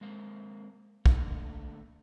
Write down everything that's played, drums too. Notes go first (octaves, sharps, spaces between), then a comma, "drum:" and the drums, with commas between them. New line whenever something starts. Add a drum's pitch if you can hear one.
G#3 A#3 C4 F5
D3 A3 A#3, drum: kick